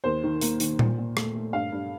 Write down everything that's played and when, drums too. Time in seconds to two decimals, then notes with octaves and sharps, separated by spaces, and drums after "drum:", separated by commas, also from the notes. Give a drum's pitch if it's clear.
0.04 D#2 C5
0.23 D#3
0.41 A#3, drum: hi-hat
0.60 D#3, drum: hi-hat
0.79 A#2, drum: tom A#2
0.98 A#2
1.17 A3, drum: rim click
1.35 A3
1.53 G2 F5
1.72 G2